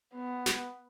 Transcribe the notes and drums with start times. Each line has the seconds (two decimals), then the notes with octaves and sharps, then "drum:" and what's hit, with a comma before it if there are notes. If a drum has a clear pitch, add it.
0.14 B3
0.46 drum: snare